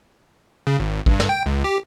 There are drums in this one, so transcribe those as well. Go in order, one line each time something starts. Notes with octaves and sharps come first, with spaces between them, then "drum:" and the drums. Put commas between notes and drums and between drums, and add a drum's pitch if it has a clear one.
C#3
G#1
G2, drum: kick
drum: snare
G5
C#2
G4